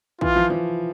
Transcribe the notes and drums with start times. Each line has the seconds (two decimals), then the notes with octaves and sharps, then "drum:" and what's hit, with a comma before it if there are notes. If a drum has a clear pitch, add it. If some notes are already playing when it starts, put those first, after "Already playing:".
0.21 E3 F4, drum: kick
0.36 F3
0.50 F3